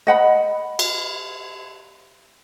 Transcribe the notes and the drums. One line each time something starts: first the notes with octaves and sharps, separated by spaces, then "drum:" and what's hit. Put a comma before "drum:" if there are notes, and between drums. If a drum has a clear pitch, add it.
D#5 F#5 B5
drum: cymbal